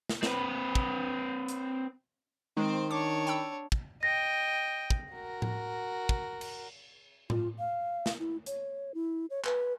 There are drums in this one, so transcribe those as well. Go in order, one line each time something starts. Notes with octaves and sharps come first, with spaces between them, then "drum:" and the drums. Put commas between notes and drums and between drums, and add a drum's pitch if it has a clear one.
drum: snare
C4 B4, drum: snare
drum: kick
drum: hi-hat
D#3 G#3 C4 C5
D4 C#5 D6
G5 B5 E6
drum: kick
D#5 G5 A#6
drum: kick
F#4 A#4
drum: tom A2
drum: kick
drum: cymbal
F4, drum: tom A2
F5
drum: snare
E4
C#5, drum: hi-hat
E4
C#5
B4, drum: clap